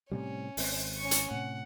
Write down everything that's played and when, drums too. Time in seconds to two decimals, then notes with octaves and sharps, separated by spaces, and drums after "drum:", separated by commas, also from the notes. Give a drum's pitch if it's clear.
0.12 A2 C3 G3 C#4
0.57 G#1 C4, drum: open hi-hat
0.98 C#4 C#6
1.11 drum: hi-hat
1.31 A2 C3 F#5